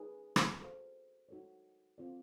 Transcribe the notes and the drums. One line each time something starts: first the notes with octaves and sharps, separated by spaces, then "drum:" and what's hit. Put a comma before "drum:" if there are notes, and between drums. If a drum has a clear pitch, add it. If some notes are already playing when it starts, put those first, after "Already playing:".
Already playing: D#4 G#4 B4
drum: rim click
F#4 A4 C5 F5
D#4 F#4 A4 C#5
C4 F4 A4 D5